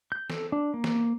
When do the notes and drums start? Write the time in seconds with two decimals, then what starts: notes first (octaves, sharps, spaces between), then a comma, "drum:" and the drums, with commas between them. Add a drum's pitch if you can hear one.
0.12 G6
0.30 A4, drum: snare
0.52 D4
0.74 A#3
0.84 drum: snare